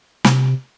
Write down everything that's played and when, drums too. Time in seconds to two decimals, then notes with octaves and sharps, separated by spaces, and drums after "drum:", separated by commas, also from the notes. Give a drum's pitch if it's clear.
0.25 C3, drum: snare